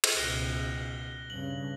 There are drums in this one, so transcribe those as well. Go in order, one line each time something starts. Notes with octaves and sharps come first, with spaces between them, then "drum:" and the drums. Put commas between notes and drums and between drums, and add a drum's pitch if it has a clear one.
drum: cymbal
C#2 B2 F#6 A#6 G7
G2 C#3 F#7